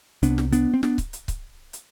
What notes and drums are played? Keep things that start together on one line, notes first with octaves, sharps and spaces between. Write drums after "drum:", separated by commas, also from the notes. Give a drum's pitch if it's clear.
C2 C3 B3 D4, drum: hi-hat
drum: snare
B3 D4, drum: hi-hat
C4
B3 D4, drum: snare
drum: kick C#1, hi-hat
drum: hi-hat
drum: kick C#1, hi-hat
drum: hi-hat